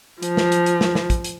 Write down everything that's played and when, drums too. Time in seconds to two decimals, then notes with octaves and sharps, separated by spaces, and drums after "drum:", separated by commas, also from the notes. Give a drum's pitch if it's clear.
0.23 F3, drum: hi-hat
0.37 drum: snare
0.52 drum: hi-hat
0.66 drum: hi-hat
0.81 drum: snare
0.95 drum: snare
1.10 drum: kick, hi-hat
1.24 drum: hi-hat